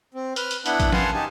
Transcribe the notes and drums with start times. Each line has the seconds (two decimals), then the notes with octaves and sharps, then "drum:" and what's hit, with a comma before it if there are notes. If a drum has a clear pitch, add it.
0.14 C4
0.36 B4 F6, drum: hi-hat
0.51 drum: hi-hat
0.66 B3 D4 E4 F#5 B5, drum: hi-hat
0.80 drum: kick, hi-hat
0.92 B4 F5 F#5 G#5 A5 C6, drum: snare
1.14 D#4 G4 G#5 A5